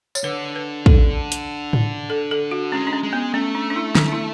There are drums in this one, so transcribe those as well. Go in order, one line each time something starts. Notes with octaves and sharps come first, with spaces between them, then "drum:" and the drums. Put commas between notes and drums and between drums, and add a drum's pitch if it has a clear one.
C#5, drum: tambourine
D3 B4
B4
A4, drum: kick
drum: hi-hat
drum: tom G#2
A4
A4
F#4
G#3 C#4
D4
C#4
G#3
B3
A3 C#4
D4
D4
E4
D4, drum: snare
E4